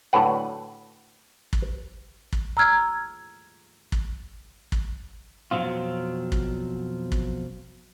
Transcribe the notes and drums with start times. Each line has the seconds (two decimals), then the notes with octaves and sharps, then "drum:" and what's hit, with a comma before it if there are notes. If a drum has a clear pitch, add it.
0.13 A2 D3 F#3 B4 F#5
1.53 drum: kick
2.33 drum: kick
2.57 A#5 E6 F6 G#6
3.92 drum: kick
4.72 drum: kick
5.51 F2 B2 F3 F#3 C4 F4
6.32 drum: kick
7.12 drum: kick